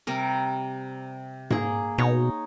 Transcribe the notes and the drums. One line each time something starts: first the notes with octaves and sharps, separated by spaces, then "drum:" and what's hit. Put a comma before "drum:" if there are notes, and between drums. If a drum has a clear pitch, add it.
C3 G3 A#4
A#3 G#4, drum: tom G#2
B2 D#4 C#5